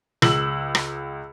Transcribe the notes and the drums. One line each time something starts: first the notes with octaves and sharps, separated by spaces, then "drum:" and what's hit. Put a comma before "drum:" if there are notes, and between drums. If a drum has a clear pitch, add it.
C#2 E6 F#7, drum: rim click
drum: rim click